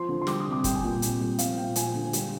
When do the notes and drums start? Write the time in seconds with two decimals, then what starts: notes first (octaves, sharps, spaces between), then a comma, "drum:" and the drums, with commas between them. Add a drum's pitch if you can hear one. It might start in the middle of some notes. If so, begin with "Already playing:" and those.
Already playing: F3 C6
0.09 D3
0.21 C6
0.27 G3 D6, drum: snare
0.40 D#6
0.46 C3
0.52 D6
0.64 G3 G5, drum: kick, hi-hat
0.75 G#5
0.83 A#2 G5
1.02 C3, drum: hi-hat
1.21 G3
1.39 F3 F5, drum: hi-hat
1.57 A#2 G5
1.76 F3 G#5, drum: hi-hat
1.95 D3
2.13 G3, drum: hi-hat